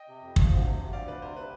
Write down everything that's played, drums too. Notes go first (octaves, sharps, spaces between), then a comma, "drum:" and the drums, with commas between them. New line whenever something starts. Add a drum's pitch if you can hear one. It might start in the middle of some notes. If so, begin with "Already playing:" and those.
Already playing: D#5 G5
C3
F2
F3, drum: kick
D2
C3
D2
F3 D5 F5
D2 B4 D5
C3 C5
B4